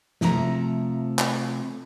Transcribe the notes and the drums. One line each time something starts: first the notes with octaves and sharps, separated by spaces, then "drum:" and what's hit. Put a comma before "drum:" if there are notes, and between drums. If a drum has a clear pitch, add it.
C3 F3 A3 A#5, drum: snare
drum: clap